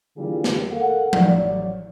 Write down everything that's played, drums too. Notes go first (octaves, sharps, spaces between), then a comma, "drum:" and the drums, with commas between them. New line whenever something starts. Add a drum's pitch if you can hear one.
D3 E3 G3 A#3 F4 G#4
drum: snare
A4 A#4 F5 F#5
drum: tom F3
A1 F#3 D5